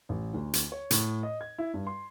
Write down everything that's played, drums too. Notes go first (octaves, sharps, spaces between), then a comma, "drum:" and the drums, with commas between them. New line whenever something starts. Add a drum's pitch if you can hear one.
A1
D2
drum: hi-hat
C#5
A2, drum: hi-hat
D#5
G#6
E4
G2
C6